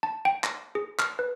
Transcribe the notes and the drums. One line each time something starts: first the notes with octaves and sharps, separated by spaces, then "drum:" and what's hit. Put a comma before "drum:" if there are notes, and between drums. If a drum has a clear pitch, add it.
A5
G5
A#6, drum: clap
G#4
F6, drum: clap
B4